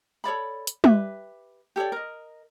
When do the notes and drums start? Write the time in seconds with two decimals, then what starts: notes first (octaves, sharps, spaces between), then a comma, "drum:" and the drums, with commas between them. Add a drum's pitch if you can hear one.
0.24 A4 C#5 D5 B5
0.67 drum: hi-hat
0.84 G4 B4 E5, drum: tom
1.76 G4 A4 C#5 D5
1.92 A#4 D#5